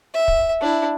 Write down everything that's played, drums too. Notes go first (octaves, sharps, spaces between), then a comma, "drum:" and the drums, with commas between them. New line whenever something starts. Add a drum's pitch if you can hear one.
E5
drum: kick
D4 E4